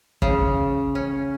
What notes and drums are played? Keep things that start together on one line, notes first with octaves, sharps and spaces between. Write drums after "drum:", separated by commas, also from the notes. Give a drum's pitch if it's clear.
C#3, drum: kick
C#4